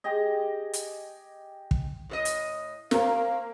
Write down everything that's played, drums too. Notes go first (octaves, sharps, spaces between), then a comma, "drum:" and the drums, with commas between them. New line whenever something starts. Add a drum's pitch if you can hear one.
G4 G#4 D#5
drum: hi-hat
drum: kick
A2 A4 D#5
drum: hi-hat
A#3 C4 A#4 F5, drum: snare